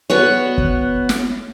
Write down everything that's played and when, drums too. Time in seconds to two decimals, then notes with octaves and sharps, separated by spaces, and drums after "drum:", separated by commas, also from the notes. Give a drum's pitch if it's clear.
0.10 B3 F#4 C#5
0.58 drum: kick
1.09 drum: snare